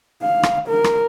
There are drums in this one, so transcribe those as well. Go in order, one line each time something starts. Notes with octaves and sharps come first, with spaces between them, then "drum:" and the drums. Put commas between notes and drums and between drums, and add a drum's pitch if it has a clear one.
F5
drum: rim click
A#4
drum: rim click